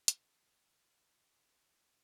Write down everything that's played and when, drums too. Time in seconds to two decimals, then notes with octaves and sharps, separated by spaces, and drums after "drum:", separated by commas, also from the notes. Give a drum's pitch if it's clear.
0.08 G3 F#4 C#5, drum: hi-hat
0.42 F4
0.60 A4
1.01 G4
1.21 D4 E4 G#4
1.48 E4